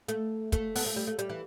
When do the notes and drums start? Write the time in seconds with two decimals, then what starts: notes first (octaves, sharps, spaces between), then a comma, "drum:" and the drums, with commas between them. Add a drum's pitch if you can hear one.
0.08 A3, drum: hi-hat
0.52 A3, drum: kick, hi-hat
0.75 B3, drum: open hi-hat
0.86 A3
0.96 G3
1.07 A3
1.19 G3, drum: hi-hat
1.29 E3